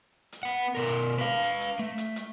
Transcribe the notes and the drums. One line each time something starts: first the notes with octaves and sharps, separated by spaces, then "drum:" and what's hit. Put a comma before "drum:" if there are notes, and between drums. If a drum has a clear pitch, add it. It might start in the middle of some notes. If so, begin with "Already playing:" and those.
drum: hi-hat
B3 F#5
B2 A#4
drum: hi-hat
B4 F5
drum: hi-hat
drum: hi-hat
A3
drum: hi-hat
drum: hi-hat